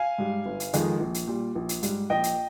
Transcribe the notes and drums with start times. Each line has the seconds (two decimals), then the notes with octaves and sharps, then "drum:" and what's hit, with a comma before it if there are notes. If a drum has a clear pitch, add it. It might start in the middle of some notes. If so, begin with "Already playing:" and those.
Already playing: F5 G#5
0.18 G#2 G3
0.46 G1
0.60 drum: hi-hat
0.73 F2 D#3 G#3, drum: hi-hat
1.00 A#1
1.14 drum: hi-hat
1.27 A#2 G3
1.56 A#1
1.69 drum: hi-hat
1.83 G#2 G3, drum: hi-hat
2.10 A#1 D#5 G5
2.24 drum: hi-hat